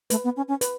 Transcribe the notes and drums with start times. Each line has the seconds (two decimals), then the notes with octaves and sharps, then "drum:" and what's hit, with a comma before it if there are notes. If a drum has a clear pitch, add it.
0.10 A3 B4, drum: hi-hat
0.24 B3
0.37 C#4
0.48 C#4
0.61 B4, drum: hi-hat